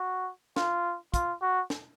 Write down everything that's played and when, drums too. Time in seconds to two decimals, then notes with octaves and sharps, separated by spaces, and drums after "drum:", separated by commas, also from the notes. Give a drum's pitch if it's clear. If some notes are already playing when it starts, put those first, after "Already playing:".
Already playing: F#4
0.56 F4, drum: snare
1.14 F4, drum: kick, hi-hat
1.42 F#4
1.70 drum: snare